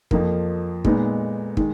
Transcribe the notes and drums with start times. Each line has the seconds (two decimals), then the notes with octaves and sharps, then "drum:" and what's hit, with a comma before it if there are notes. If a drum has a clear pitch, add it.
0.11 F2 F3 A#3, drum: kick
0.85 A#2 G#3 B3 D#4, drum: kick
1.57 D#3 G#3, drum: kick